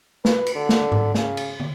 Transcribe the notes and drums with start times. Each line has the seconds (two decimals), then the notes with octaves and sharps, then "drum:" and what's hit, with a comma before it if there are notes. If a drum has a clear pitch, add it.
0.25 B4, drum: snare
0.46 drum: cymbal
0.55 D3
0.69 drum: snare
0.92 drum: tom G#2
1.14 C#3, drum: snare
1.37 drum: cymbal
1.60 drum: tom